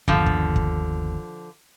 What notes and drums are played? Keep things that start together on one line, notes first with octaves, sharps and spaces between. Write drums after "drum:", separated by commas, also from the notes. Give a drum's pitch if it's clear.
G1 D#2 D3 F3, drum: kick
drum: kick
drum: kick